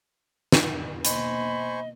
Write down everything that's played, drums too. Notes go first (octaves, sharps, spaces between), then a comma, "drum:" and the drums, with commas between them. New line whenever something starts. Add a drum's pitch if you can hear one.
drum: snare
B2 A#3 C5 D#5 G#5 B5 C#6, drum: hi-hat